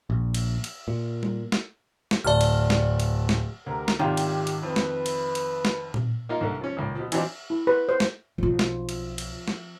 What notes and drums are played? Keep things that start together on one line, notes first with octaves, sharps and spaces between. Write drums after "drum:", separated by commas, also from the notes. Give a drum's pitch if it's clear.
A#1
drum: cymbal
drum: cymbal
A#2
drum: tom G3
drum: snare
drum: snare
D1 D5 A5 F6
drum: cymbal
drum: snare
drum: cymbal
drum: snare
D2 G4 A#4
drum: snare
G#1 D#3 F4 G4
drum: cymbal
drum: cymbal
F2 B4
drum: snare
drum: cymbal
drum: cymbal
drum: snare
drum: tom A#2
A#3 D#4 F4
C2 D3 A#3
F3 C#4
C#2 A#2
B2 F3
E3 F#3 C4 D4 D#4 F4, drum: cymbal
E4
B4
C5
drum: snare
B1 F3 F4
drum: snare
drum: cymbal
drum: cymbal
drum: snare